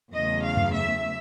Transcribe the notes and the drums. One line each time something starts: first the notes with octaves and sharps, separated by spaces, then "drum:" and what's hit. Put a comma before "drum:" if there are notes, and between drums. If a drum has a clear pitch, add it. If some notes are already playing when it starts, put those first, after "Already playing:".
E2 C#3 F#3 A3 D#5
F5
drum: tom F#2
E5